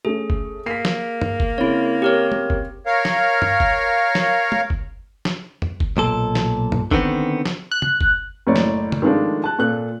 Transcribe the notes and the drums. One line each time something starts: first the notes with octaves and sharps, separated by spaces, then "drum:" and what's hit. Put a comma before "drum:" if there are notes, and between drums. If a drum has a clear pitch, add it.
A3 C#4 G#4
drum: kick F#1
A#3 B6 C7
drum: snare
drum: tom
drum: kick F#1
C#3 C4 E4 C#5
G4 A#4 C#5
drum: tom
drum: kick F#1
A#4 C#5 F5
drum: snare
drum: tom
drum: kick F#1
drum: snare
drum: tom
drum: kick F#1
drum: snare
drum: tom
drum: kick F#1
B1 A#2 A4
drum: snare
drum: tom
D3 D#3 B3 C4, drum: kick F#1
drum: snare
F#6
drum: tom
drum: kick F#1
F#1 A2 C#5 D5
drum: snare
drum: tom
D#3 F3 G#3 A3 D4
A5 F#6
A#2 A4 F#6